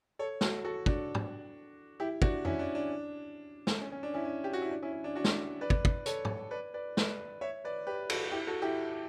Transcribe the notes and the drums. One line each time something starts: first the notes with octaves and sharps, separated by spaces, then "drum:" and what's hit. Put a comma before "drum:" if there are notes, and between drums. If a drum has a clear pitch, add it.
A4 C#5
F#4 A4, drum: snare
F#4 A4
D4 F#4, drum: kick
drum: tom
E4 G4
D4 F#4, drum: kick
C#4 E4, drum: tom F2
D4
D4
drum: snare
C#4
C#4
D4
C#4 E4
C#4
G4
F#4
E4
D4
C#4 E4
C#4
D4
D4 F#4
drum: snare
B4 D5
drum: kick
drum: kick
A4 C#5, drum: hi-hat
drum: tom
B4 D5
B4 D5
B4 D5, drum: snare
C#5 E5
B4 D5
G4 B4
F#4 A4, drum: cymbal
E4 G4
F#4 A4
E4 G4